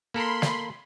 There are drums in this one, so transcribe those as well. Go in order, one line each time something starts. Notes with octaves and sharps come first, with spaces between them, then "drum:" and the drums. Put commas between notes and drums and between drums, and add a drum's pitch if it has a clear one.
A#3 A4 A#4 B5 C6
drum: snare